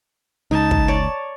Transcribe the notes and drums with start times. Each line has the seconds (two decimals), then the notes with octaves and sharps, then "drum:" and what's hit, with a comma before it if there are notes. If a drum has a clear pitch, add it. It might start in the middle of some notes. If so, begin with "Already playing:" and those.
0.51 C#2 D#4 A5
0.71 drum: kick
0.88 C#5 D5